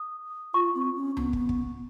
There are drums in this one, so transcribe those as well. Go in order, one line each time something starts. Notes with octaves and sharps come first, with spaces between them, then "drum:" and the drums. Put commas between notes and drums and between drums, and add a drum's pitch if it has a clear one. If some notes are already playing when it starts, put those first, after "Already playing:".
Already playing: D#6
F4 C#6
C4
C#4
B3, drum: tom C#2
drum: kick
drum: kick